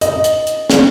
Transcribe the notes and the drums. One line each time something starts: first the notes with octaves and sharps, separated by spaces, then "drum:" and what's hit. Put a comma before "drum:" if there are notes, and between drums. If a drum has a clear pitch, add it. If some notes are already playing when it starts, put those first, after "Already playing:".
D#5, drum: hi-hat
drum: hi-hat
drum: hi-hat
drum: snare